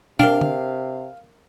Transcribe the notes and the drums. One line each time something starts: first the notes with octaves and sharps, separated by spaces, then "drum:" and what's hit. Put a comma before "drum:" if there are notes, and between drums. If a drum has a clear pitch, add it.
C3 D4 A#4 F5 G5, drum: tom
drum: tom